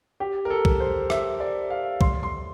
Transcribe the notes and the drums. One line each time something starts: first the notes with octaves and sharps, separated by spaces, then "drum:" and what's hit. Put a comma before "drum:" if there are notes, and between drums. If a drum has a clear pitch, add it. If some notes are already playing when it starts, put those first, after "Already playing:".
G4
A#4
A4
drum: kick
C5
E5, drum: rim click
D5
F5
C6, drum: kick
C6